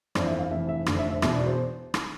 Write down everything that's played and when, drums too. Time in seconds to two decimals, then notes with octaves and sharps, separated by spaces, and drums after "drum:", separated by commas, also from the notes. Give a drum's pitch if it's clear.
0.15 G1 F2 E3 D5, drum: rim click
0.27 E5
0.39 F5
0.51 F1 F2 E3 E5
0.69 E5
0.86 F1 F2 D3 C5, drum: rim click
0.99 E5
1.10 E5
1.22 E1 E2 B2 E5, drum: rim click
1.34 D5
1.46 C5
1.94 drum: rim click